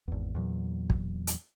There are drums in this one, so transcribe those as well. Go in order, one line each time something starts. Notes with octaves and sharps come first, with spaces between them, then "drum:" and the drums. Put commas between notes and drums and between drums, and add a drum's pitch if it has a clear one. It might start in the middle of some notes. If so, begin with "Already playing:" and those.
G#1 E2
E2 A#2 F#3
drum: kick
drum: hi-hat